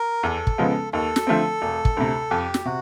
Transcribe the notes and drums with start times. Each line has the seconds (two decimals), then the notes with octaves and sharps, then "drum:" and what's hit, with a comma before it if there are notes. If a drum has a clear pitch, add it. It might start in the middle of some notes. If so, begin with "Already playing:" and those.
Already playing: A#4
0.23 E2 A4
0.47 drum: kick
0.58 C#3 F3 G#3 B3
0.93 D#2 A4
1.16 drum: snare
1.27 D3 F3 A3 C4
1.62 E1
1.85 drum: kick
1.97 D2 C3
2.30 F2 G4
2.54 drum: snare
2.65 C3 F#4